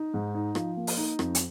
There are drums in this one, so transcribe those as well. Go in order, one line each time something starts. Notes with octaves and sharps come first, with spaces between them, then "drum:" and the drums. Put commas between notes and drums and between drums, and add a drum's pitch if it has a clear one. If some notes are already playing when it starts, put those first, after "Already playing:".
Already playing: D#4
G#2
D#4
F3, drum: rim click
A#3
drum: open hi-hat
D#4
F2, drum: rim click
drum: hi-hat